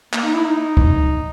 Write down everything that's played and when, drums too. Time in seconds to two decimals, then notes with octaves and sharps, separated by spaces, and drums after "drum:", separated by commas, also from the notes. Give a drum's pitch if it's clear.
0.13 A#3, drum: clap
0.23 D#4
0.34 E4
0.45 D#4
0.77 drum: kick